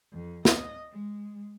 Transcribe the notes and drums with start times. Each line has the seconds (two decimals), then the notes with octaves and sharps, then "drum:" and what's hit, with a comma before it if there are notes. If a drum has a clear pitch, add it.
0.12 F2
0.45 D#5, drum: snare
0.91 G#3